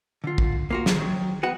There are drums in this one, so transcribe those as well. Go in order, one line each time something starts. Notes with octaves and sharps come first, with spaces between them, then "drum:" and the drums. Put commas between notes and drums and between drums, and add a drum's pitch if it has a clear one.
D3 F4
drum: kick
A#3 F4 F#4
drum: snare
D#3 F#3
B3 F#4 F#5